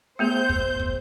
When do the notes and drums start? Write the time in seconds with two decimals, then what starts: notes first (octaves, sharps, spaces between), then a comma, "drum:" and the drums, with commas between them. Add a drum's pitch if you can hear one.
0.19 A3 B3 G#4 C5 G6
0.49 drum: kick
0.80 drum: kick